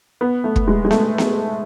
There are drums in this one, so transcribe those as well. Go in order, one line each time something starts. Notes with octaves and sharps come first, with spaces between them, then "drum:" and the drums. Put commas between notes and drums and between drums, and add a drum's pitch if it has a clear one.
B3
A3
drum: kick
G#3
G#3
A3, drum: snare B3
drum: snare B3